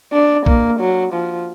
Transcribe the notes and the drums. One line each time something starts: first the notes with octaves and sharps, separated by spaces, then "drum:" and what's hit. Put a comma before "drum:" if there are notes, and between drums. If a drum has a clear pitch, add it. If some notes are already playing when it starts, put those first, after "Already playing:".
D4
A#3, drum: kick
F#3
F3